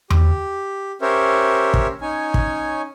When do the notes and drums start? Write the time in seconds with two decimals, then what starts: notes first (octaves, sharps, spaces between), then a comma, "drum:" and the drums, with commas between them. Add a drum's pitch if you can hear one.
0.10 G4, drum: tom E2
1.02 C#4 G4 A#4 C5 C#5 E5
1.74 drum: kick
2.01 C#4 D#4 C#5 G#5
2.34 drum: kick